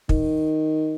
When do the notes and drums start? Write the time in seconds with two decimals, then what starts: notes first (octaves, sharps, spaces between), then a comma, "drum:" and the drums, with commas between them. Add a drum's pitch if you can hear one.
0.09 D#3, drum: kick